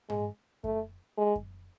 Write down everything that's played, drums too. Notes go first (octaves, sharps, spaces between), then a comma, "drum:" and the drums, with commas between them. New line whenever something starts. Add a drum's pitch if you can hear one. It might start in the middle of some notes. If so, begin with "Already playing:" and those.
G#3, drum: tom G#2
A3, drum: kick F#2
G#3
drum: kick F#2